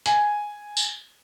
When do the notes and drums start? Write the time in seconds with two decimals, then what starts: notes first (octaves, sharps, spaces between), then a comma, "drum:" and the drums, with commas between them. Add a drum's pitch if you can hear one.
0.06 G#5, drum: hi-hat
0.77 drum: tambourine